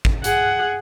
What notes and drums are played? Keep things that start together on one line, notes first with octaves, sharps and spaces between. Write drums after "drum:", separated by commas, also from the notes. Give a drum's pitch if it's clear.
drum: kick
G#4 F#5, drum: hi-hat